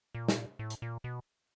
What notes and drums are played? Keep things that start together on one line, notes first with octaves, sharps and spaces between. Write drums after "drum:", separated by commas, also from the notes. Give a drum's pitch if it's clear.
A#2
drum: snare
A2
drum: hi-hat
A#2
B2